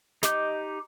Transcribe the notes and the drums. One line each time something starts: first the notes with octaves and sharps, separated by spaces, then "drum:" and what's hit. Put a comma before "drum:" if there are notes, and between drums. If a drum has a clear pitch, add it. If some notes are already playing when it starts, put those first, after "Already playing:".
D#4 G4 D#5 D6 G6, drum: snare